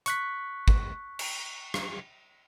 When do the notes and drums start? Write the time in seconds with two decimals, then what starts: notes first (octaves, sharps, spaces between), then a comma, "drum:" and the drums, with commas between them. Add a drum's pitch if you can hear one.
0.06 C#6 F#6 B6, drum: hi-hat
0.68 drum: kick G#1
1.19 drum: cymbal
1.74 drum: rim click